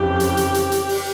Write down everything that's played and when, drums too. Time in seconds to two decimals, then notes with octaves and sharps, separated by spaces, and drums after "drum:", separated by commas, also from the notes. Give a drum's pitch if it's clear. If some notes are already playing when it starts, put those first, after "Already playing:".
Already playing: F2 C#3 E3 G4
0.20 drum: hi-hat
0.37 drum: hi-hat
0.54 drum: hi-hat
0.72 drum: hi-hat
0.89 drum: open hi-hat